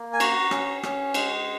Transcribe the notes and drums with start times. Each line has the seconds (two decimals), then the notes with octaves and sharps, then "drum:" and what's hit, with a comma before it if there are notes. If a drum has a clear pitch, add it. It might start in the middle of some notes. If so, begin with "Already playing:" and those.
Already playing: A#3
0.13 G#5
0.20 F#4 A#5, drum: cymbal
0.51 C#4, drum: rim click
0.83 C#4, drum: rim click
1.14 G#3, drum: cymbal